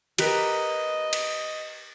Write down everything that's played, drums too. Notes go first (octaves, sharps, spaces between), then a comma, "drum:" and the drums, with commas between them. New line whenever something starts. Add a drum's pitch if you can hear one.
G4 A#4 B4 D#5, drum: cymbal
drum: cymbal